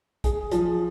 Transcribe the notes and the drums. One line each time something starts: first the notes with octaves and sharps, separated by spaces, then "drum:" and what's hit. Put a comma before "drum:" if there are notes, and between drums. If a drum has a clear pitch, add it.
G#4, drum: kick, hi-hat
F3, drum: hi-hat